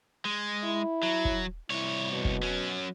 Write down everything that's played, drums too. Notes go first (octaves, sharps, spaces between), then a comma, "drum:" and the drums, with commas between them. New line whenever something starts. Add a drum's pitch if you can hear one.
G#3
E4
F#3
drum: kick
C2 E4 C#5
B2
drum: kick
F#3 C#4